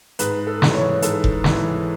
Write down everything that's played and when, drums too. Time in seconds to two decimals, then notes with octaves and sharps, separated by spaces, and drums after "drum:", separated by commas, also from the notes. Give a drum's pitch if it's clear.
0.19 G#2 B4, drum: hi-hat
0.47 A4
0.62 E3, drum: snare
0.75 C#5
1.02 G#2 A4, drum: hi-hat
1.24 drum: kick F1
1.44 E3, drum: snare